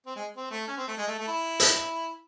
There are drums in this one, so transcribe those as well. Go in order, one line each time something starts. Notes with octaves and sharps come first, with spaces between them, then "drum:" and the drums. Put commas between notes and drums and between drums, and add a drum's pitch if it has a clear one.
C4
G#3
C4
A3
C#4
C4
A3
G#3
A3
A3
E4
drum: hi-hat